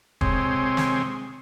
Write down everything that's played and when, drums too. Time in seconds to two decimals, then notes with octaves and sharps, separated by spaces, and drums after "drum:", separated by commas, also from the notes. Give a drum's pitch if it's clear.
0.21 C3 G#3 C4 C#5 G#5 C6, drum: kick
0.77 drum: snare